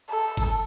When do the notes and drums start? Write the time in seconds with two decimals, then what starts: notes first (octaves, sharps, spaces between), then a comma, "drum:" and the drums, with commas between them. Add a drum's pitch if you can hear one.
0.10 A4
0.37 drum: kick G1, cymbal